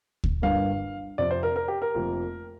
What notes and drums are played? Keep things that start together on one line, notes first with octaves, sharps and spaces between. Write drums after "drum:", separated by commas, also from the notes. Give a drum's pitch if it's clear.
drum: kick D2
G1 G2 D3 A#3 F5
F2 C3 F3 C4 D5
C5
A#4
A#4
G4
A#4
F1 F2 F3 A#3